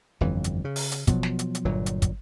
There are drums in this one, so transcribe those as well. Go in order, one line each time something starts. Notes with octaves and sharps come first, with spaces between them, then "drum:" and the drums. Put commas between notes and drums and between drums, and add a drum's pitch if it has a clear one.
G1 F2 E3
drum: hi-hat
C#3
drum: open hi-hat
drum: hi-hat
B2 F3 F#3, drum: kick, hi-hat
drum: snare
drum: hi-hat
drum: hi-hat
G1 A#2 F#3
drum: hi-hat
drum: kick, hi-hat